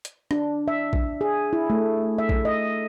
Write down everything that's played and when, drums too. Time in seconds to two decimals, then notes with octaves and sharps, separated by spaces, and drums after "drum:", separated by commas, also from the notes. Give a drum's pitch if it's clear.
0.05 drum: hi-hat
0.31 D4, drum: rim click
0.68 E5
0.93 drum: kick
1.21 G#4
1.53 E4
1.70 A3
2.18 E5
2.29 drum: kick
2.45 D#5